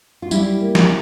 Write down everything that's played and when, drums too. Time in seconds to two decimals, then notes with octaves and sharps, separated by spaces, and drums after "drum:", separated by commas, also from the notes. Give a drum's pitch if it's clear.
0.22 F4
0.31 G3 E4, drum: tambourine
0.61 A#3
0.75 drum: snare